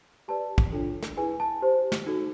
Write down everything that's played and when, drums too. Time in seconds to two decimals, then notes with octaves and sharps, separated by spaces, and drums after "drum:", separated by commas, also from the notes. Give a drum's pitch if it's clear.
0.28 G4 B4 D5 A5
0.58 drum: kick
0.72 D4 F4 A4 C#5
1.02 drum: snare
1.17 E4 G#4 B4 G#5
1.40 A5
1.62 G4 C5
1.92 drum: snare
2.06 D#4 F#4 A4